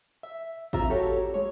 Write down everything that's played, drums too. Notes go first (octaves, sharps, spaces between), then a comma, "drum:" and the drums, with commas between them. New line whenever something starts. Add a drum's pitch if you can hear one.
E5
C4 F4 G4 E5 A#5, drum: kick
F#4 G4 A4 C#5
G#3 C#5